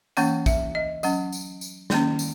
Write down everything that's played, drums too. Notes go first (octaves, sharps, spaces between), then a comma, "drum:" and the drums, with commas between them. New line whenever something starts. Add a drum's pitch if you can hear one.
E3 A#3 C#4 F#5, drum: tambourine
E5, drum: kick, tambourine
D#5
F#3 C#4 F#5, drum: tambourine
drum: tambourine
drum: tambourine
D#3 A#3 C#4, drum: snare
drum: tambourine